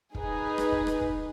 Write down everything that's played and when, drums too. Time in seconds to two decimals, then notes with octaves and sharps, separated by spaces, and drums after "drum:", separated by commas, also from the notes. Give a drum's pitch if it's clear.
0.15 D#4 G#4 B4, drum: kick
0.58 drum: rim click
0.72 drum: kick
0.87 drum: rim click
1.01 drum: kick